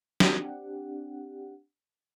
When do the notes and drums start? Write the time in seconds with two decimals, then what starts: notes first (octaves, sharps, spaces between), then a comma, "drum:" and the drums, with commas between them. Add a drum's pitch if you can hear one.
0.20 C4 D4 G4 F#5, drum: snare